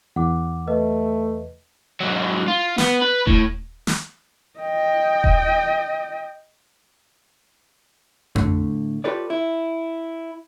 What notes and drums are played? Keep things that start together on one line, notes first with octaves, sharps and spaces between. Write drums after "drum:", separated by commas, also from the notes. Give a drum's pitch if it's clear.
E2 F#5 D6
A3 B4 D#5
G#2 F#3
F4
B3, drum: snare
B4
A2, drum: kick D#1
drum: snare
D#5 G5
drum: kick D#1
A2 D3 A3, drum: tom F2
F4 G4 A4 B4 C#5 D5
E4